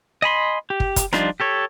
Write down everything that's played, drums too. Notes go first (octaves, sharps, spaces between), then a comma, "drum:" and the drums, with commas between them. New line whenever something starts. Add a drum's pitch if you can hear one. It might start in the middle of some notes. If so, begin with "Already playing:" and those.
D#5 G#5 B5 C6
G4
drum: kick
drum: kick, hi-hat
F3 G3 D4 D#4 F4, drum: rim click
G4 A4 C#5